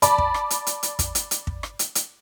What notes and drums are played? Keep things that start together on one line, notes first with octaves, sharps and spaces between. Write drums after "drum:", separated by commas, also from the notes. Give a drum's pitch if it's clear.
D5 A5 B5, drum: hi-hat
drum: kick
drum: rim click
drum: hi-hat
drum: hi-hat
drum: hi-hat
drum: kick, hi-hat
drum: hi-hat
drum: hi-hat
drum: kick
drum: rim click
drum: hi-hat
drum: hi-hat